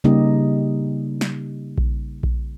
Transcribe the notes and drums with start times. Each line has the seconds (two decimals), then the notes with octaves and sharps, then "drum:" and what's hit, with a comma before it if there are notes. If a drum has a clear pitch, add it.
0.04 C#3 G3 A#3 D#4 G4 D#5
1.21 drum: snare
1.78 drum: kick A#1
2.23 drum: kick A#1